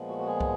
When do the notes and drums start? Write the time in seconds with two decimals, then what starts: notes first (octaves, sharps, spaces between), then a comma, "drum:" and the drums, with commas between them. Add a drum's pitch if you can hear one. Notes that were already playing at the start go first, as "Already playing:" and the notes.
Already playing: A#2 F3 G#3 B3
0.08 F#4
0.18 F#4
0.26 G#4
0.40 drum: kick